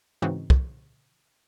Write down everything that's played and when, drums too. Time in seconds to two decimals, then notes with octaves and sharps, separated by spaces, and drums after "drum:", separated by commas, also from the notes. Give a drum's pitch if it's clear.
0.22 G#2 C#3 E3 C4 D#4 F#4
0.50 drum: kick